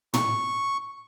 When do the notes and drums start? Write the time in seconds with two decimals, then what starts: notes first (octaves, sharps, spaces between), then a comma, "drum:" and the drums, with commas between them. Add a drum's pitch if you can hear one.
0.14 C#6, drum: tom